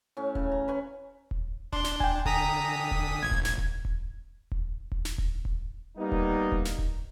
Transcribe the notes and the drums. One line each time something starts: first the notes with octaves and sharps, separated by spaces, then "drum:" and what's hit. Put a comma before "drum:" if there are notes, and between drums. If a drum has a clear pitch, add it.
A2 C#4
C#3, drum: kick D#1
A#5
B4 C#5 G#5
drum: kick D#1
D4 C6, drum: kick D#1
drum: snare
G5 G#5, drum: kick D#1
D3 A#5 D#6 B6, drum: kick D#1
drum: kick D#1
A#1 G#6
drum: kick D#1
G#6, drum: snare
drum: kick D#1
drum: kick D#1
drum: kick D#1
drum: kick D#1
drum: snare
drum: kick D#1
drum: kick D#1
G3 A#3 B3 D#4
drum: kick D#1
drum: kick D#1
drum: snare
drum: kick D#1